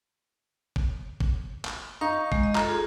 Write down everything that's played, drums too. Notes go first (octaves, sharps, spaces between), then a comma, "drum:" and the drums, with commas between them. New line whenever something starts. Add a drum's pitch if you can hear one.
drum: kick G#1
drum: kick G#1
drum: clap
D#4 F5 C#6 D#6
G#3, drum: kick G#1
D#5
F4 A4 A#5, drum: clap
F4 G#4